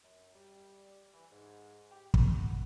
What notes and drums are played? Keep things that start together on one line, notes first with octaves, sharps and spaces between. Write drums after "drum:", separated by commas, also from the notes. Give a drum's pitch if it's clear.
F#2
G3
E3
G#2
G4
A#4, drum: kick
F#5